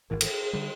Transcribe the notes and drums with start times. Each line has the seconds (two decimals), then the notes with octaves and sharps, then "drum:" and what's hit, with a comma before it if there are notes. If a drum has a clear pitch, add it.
0.10 G#1 G#2 E3 A#4
0.21 A4, drum: cymbal
0.31 G#4
0.43 G#4
0.53 D3 G3 G4